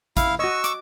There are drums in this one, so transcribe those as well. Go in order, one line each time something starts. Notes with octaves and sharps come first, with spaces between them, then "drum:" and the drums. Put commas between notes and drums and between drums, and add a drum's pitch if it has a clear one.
E4 F5, drum: kick, hi-hat
F#4 D#5 C#6 E6
D6, drum: hi-hat